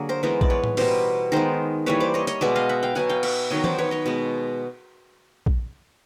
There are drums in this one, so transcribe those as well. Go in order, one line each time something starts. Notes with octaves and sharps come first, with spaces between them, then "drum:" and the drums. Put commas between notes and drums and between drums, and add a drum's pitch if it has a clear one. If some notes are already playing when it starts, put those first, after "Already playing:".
Already playing: D3 F#3 A#3 G#4
A#4 C5
E3 G#3 B3 A#4 C5
D5, drum: kick A#1
B4 C#5
drum: tom A2
B2 G3 B3 A#4 C5, drum: open hi-hat
D#3 G#3 B3 A#4 C5
E3 G3 A#3 B4 C#5
C5 D5
C#5 D#5
C#5 D#5, drum: hi-hat
B2 G#3 B3 D5 E5
D#5 F5
E5 F#5
F5 G5
B2 F#3 B3 F#5 G#5
F5 G5
E5 F#5, drum: cymbal
D#3 F#3 B3 C#5 D#5
C5 D5, drum: tom E3
B4 C#5
C#5 D#5
B2 G#3 B3
drum: kick A#1